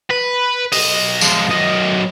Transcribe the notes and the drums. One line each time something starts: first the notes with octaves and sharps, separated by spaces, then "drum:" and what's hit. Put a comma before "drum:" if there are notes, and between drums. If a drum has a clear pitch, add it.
B4
B1 D#5, drum: open hi-hat
F3 G#3, drum: tambourine
F#2 D#5